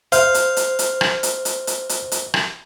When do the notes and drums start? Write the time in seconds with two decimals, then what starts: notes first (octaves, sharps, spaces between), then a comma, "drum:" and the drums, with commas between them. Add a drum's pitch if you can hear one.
0.12 C5 F5, drum: hi-hat
0.34 drum: hi-hat
0.57 drum: hi-hat
0.79 drum: hi-hat
1.01 drum: rim click
1.23 drum: hi-hat
1.45 drum: hi-hat
1.67 drum: hi-hat
1.89 drum: hi-hat
2.12 drum: hi-hat
2.34 drum: rim click